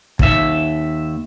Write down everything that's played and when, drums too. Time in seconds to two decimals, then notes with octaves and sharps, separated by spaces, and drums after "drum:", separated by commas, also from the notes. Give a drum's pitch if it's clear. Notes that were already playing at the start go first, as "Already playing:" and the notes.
0.19 D#2 E5, drum: kick